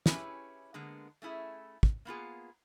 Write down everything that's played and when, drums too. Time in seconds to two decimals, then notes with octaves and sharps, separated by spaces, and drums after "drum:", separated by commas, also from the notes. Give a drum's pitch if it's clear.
0.06 C#4 E4 G4 G#4 B4 C#5, drum: snare
0.74 D3 G#3 A#3 B3
1.22 A3 C#4 E4 G#4 E5
1.83 drum: kick
2.05 A#3 B3 F4 G#4